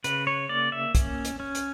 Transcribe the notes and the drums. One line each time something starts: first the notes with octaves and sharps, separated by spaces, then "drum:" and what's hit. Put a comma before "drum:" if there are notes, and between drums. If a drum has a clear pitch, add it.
C#3 B4, drum: hi-hat
C#5
A#3 D5
E5
C#4, drum: kick, hi-hat
drum: hi-hat
C#4
drum: hi-hat